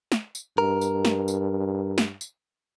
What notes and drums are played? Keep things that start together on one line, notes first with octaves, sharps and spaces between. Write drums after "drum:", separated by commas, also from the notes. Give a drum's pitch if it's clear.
drum: snare
drum: tambourine
G2 A#4
drum: tambourine
drum: snare
drum: tambourine
drum: snare
drum: tambourine